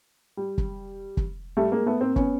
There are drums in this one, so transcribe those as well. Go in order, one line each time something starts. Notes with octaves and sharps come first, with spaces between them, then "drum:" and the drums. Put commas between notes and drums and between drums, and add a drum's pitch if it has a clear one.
G3
drum: kick
drum: kick
G3 A3
G#3 A#3
A3 B3
A#3 C4
B3 C#4, drum: kick